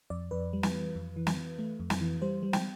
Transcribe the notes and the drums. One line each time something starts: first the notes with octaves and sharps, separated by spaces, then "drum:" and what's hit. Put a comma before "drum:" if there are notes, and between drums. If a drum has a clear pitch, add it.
F2 D5
F2 B4
G3
drum: snare
E3
F2
E3
drum: snare
E3
A3
F2
drum: snare
E3
G3 C5
G3
G5, drum: snare